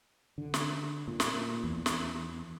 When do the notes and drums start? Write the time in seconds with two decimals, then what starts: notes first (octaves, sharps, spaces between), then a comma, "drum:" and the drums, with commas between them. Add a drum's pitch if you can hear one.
0.38 D3
0.54 drum: snare
1.08 A#2
1.20 drum: snare
1.64 E2
1.86 drum: snare